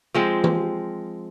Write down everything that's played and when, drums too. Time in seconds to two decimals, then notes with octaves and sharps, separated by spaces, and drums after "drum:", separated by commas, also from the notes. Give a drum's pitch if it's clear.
0.14 F3 G#3 C4
0.44 drum: tom E3